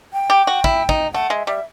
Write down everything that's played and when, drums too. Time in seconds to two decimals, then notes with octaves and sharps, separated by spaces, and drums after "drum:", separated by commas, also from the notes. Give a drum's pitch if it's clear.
0.13 G5
0.30 G4
0.47 F#4
0.64 E4, drum: kick
0.89 D#4, drum: kick
1.14 A3 F#5
1.30 G#3 E5
1.47 G3 E5